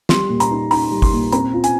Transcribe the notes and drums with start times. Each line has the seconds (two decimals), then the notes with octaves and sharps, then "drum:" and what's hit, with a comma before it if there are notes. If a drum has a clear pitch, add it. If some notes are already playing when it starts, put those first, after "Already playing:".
0.09 G3 C6, drum: snare
0.29 A#2
0.40 A#5, drum: hi-hat
0.51 D#4
0.71 D#4 A#5, drum: open hi-hat
0.91 G3
1.02 C6, drum: kick, open hi-hat
1.13 A#2
1.32 C4 A#5, drum: hi-hat
1.54 F4
1.64 G#5, drum: hi-hat